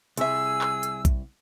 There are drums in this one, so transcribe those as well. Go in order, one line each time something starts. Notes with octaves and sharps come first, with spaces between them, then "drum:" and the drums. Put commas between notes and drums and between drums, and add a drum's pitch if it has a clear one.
C2 G#4 E5 G#5 E6, drum: hi-hat
drum: clap
drum: hi-hat
drum: kick A#1, hi-hat